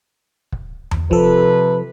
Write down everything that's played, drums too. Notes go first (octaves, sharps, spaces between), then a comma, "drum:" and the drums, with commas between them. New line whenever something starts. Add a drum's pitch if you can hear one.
drum: kick
drum: tom E2
C3 F3 A4 B4, drum: kick